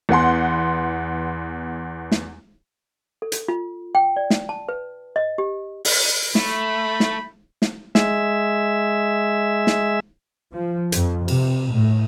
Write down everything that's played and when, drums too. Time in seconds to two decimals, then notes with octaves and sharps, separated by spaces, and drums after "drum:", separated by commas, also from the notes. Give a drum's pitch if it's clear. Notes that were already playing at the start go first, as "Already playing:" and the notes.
0.09 E2 B3 F#5 C6
2.12 drum: snare
3.22 A4
3.32 drum: hi-hat
3.48 F4
3.95 G5
4.17 D5
4.30 drum: snare
4.49 A5
4.69 B4
5.16 D#5
5.38 G4
5.85 drum: open hi-hat
6.35 A3 B5, drum: snare
7.00 drum: snare
7.62 drum: snare
7.95 G#3 E5, drum: snare
9.67 drum: snare
10.52 F3
10.92 F2, drum: hi-hat
11.28 C3, drum: cymbal
11.72 A2